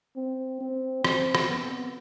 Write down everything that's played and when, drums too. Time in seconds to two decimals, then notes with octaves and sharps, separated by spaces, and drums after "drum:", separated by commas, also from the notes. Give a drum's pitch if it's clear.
0.16 C4
0.61 C4
1.04 C4, drum: rim click
1.35 drum: rim click
1.49 B3